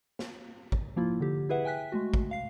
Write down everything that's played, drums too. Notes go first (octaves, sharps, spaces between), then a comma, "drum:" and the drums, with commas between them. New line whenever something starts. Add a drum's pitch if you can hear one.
drum: snare
drum: kick
F3 A#3 E4 F4
D3 G4
E4 G#4 B4 E5 F#5
E5 G5 G#5 F#6 B6
G#3 A3 F#4
drum: kick
F5 C7